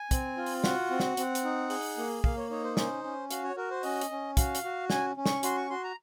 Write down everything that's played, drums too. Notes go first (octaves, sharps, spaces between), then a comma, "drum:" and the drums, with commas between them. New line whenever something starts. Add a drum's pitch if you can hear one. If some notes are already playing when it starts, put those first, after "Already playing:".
Already playing: G#5
C4, drum: kick, hi-hat
F4
drum: open hi-hat
F#4 F#5, drum: snare
C4
drum: snare
C4, drum: hi-hat
drum: hi-hat
D#4
G#4, drum: open hi-hat
A#3
A#3 F5, drum: kick
C#5
D#4 C#5
C5
C#4 C5, drum: snare
C#4
F#4 F5, drum: hi-hat
C#5
F#4 A#4
C5
C#4 D#5, drum: open hi-hat
drum: hi-hat
C#4
F#4 F5, drum: kick, hi-hat
drum: hi-hat
F#4
C#4 G#5, drum: snare
C#4
C#6, drum: snare
F#4 C6, drum: hi-hat
C#6
F#4 C6
A#5